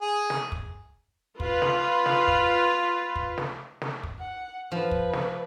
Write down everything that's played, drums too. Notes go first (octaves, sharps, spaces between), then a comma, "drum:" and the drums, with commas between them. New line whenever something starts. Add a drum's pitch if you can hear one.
G#4
drum: snare
drum: kick
F4 B4, drum: kick
drum: snare
drum: snare
drum: kick
drum: kick
drum: snare
drum: snare
drum: kick
F#5
F3 B4
drum: kick
drum: snare